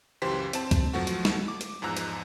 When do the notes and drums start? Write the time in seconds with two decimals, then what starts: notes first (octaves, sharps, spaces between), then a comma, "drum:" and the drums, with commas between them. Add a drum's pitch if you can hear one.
0.22 C#2 F#2 E3 G4 C5 B6
0.53 C4 A5, drum: hi-hat
0.71 drum: kick, hi-hat
0.93 F3 F#3 A3 F#4
1.07 drum: hi-hat
1.25 drum: snare
1.48 D6
1.61 drum: hi-hat
1.82 E2 G#2 F3 A#5 E6 F#6
1.97 drum: hi-hat